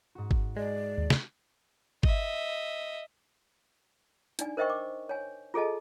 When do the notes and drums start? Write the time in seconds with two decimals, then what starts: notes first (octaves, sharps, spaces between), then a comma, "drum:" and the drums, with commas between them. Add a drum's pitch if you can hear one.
0.15 G#2 F#4
0.31 drum: kick G1
0.56 G#3 D5
0.98 D#2
1.10 drum: snare
2.03 D#5 E5, drum: kick G1
4.39 D4 D#4 D5 G#5, drum: hi-hat
4.57 A#4 C5 D#5 E5 G5 C#6
4.70 D6
5.09 C#5 G#5
5.54 F4 G#4 A4 D#5 A5